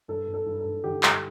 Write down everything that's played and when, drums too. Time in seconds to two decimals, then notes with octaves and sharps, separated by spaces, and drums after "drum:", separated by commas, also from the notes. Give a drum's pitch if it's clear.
0.08 G2 A4
0.28 G2
0.34 A4
0.46 G2
0.59 A4
0.65 G2
0.84 D3 G4
1.03 G2, drum: clap